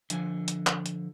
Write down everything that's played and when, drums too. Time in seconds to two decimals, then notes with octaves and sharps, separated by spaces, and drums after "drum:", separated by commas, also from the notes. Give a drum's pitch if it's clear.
0.10 D3 F3 G#5, drum: hi-hat
0.48 drum: hi-hat
0.67 drum: clap
0.86 drum: hi-hat